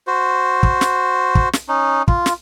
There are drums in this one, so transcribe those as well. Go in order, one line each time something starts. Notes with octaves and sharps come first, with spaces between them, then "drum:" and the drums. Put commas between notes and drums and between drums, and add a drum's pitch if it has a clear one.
F#4 C5
drum: kick
drum: snare
drum: kick
drum: snare
C#4 D#4
F4, drum: kick
drum: snare